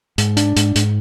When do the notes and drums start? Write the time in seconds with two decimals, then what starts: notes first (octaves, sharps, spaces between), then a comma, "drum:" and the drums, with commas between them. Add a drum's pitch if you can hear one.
0.18 G#2, drum: hi-hat
0.37 D4, drum: hi-hat
0.56 G#2, drum: hi-hat
0.75 G#2, drum: hi-hat